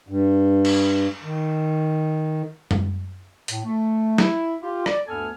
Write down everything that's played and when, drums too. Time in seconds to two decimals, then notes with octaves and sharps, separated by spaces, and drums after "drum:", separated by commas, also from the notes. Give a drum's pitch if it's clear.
0.09 G2
0.65 drum: cymbal
1.24 D#3
2.71 drum: tom F#2
3.48 A2, drum: hi-hat
3.64 A3
4.18 E4, drum: snare
4.61 F4 G4
4.86 D5, drum: rim click
5.07 D2 G2 B3 A4 G#5 F6